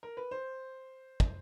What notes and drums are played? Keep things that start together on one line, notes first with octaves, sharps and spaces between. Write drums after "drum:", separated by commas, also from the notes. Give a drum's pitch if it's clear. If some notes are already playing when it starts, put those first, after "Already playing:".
A#4
B4
C5
drum: kick